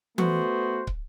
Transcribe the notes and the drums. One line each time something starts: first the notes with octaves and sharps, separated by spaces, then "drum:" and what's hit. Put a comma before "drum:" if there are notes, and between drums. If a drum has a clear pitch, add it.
A3 B3 F#4 C5, drum: tom E3
drum: kick